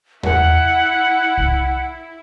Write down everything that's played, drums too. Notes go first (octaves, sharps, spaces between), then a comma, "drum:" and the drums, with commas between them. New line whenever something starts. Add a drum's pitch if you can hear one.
E4 F#5, drum: tom E2
drum: kick C2